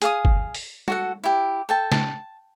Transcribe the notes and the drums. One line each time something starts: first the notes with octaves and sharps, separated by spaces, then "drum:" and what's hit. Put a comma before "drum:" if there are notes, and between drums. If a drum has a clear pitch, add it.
G#4 F5 D#6, drum: hi-hat
drum: kick G1
drum: open hi-hat
F#4 A4 F#5, drum: tom G3
E4 G4
A4 G5 A5
A5, drum: snare